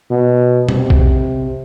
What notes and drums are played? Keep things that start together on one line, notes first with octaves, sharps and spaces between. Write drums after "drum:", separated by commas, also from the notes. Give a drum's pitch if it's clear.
B2
C3, drum: tom B2
drum: kick